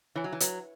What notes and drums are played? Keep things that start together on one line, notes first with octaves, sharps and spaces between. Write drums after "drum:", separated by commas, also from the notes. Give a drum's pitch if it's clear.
E3 C#5 G#5
F#3
E3
F#3 B4, drum: hi-hat